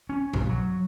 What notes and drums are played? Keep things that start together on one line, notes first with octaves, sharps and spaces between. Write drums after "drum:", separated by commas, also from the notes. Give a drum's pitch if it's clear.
C#4
B1, drum: tom G2
F#3